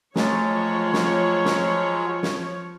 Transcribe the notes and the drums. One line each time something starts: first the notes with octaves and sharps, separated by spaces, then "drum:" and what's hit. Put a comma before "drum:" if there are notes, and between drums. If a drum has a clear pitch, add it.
F3 F#3 G#3 A3 C#5 A6, drum: snare
drum: snare
drum: snare
drum: snare